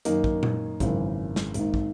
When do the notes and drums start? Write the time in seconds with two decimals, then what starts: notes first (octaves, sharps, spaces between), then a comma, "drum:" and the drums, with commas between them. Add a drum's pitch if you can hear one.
0.05 F#2 D#3 A#3 D#4, drum: hi-hat
0.24 drum: kick
0.43 drum: tom A#2
0.80 G#1 F#2 C#3 E3 A#3, drum: kick, hi-hat
1.36 drum: snare
1.54 G#1 G#2 D#3 A#3 D#4, drum: hi-hat
1.74 drum: kick